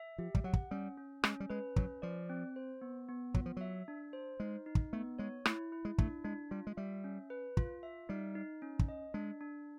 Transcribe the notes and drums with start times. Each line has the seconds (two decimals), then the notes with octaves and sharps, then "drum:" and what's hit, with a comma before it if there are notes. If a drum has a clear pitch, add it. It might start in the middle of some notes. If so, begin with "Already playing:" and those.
Already playing: E5
0.18 F3 G4
0.35 G3, drum: kick
0.44 F#3 F#5
0.53 drum: kick
0.71 G3 C#4
0.98 C#4
1.24 G#3 C#4, drum: rim click
1.40 G3
1.50 G#3 B4
1.76 F#3 C#4, drum: kick
2.02 F3 D5
2.29 C4
2.56 C5
2.82 B3
3.09 B3
3.34 F#3 F4, drum: kick
3.46 F3
3.57 F#3 E5
3.88 D4
4.13 C5
4.40 G#3 D#4
4.66 D#4
4.75 drum: kick
4.93 A3 B3
5.19 G#3 C#5
5.46 A3 E4, drum: rim click
5.72 E4
5.85 G#3
5.98 A3 D4, drum: kick
6.24 G#3 D4
6.51 G3 F4
6.67 G#3
6.77 G3 E5
7.04 C#4
7.30 B4
7.57 F4, drum: kick
7.83 E5
8.09 G3 D#4
8.35 D#4
8.62 C#4
8.79 drum: kick
8.88 D#5
9.14 G#3 D4
9.41 D4